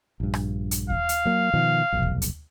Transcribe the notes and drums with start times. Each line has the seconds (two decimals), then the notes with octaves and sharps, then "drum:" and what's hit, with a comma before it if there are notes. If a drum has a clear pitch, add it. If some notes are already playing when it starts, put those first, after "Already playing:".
0.20 A#1 G2
0.34 drum: rim click
0.71 drum: hi-hat
0.90 F5, drum: kick D#2
1.09 drum: hi-hat
1.25 F#3 A#3
1.54 B2 D#3 F3
1.92 F1 B1
2.03 drum: kick D#2
2.22 drum: hi-hat